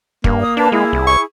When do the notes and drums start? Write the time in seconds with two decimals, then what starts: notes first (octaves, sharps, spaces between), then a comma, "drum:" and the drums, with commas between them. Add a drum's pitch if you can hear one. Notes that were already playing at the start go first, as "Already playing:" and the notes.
0.24 G2 A#3, drum: kick
0.40 D#6
0.57 D4 B4 A5
0.72 G#3 E4 G#4
0.93 C2
1.07 C#6